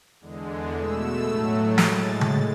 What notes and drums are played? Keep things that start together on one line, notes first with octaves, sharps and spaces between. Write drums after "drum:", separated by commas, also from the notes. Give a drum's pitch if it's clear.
E2 D3 G#3
B2 A3 E6
A2 F#3 A3
A2 G#3 A6, drum: snare
drum: tom C#3